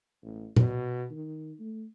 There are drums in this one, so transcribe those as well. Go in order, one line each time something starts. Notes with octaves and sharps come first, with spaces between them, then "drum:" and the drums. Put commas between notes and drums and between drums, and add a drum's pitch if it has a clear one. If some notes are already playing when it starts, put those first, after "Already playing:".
A1
B2, drum: tom A#2
D#3
A3